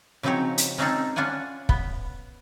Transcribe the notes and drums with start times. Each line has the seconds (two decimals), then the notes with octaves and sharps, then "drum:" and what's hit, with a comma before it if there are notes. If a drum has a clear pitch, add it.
0.23 C#3 F3 F#3 C4 D#4 C#5
0.58 drum: hi-hat
0.78 G#3 C4 C#4 D#4 G#4 A4
1.16 C#4 D4 F4 F#5 G#5
1.69 B3, drum: kick